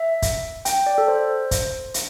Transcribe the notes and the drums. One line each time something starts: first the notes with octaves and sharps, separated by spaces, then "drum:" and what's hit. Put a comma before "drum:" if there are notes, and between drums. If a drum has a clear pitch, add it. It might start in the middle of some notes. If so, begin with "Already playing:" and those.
Already playing: E5
drum: kick, hi-hat
G5, drum: hi-hat
D5
A4
C5
drum: kick, hi-hat
drum: hi-hat